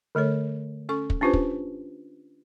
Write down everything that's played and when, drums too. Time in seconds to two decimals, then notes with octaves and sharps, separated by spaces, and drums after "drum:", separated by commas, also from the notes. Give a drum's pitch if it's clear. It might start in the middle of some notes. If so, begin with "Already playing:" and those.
0.15 D3 A3 A4 C#5
0.89 C#4 A4 C#6
1.10 drum: kick
1.21 C#4 D4 F4 G4 B4 C5
1.33 drum: kick